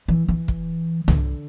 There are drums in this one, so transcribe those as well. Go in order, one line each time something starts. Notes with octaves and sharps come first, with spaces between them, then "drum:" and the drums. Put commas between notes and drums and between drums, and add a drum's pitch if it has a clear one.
E3
E3
drum: kick
D3, drum: tom C2